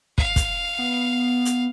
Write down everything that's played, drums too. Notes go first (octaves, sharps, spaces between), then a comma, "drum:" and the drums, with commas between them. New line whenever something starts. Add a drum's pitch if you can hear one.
F5, drum: kick
drum: kick, hi-hat
B3
drum: hi-hat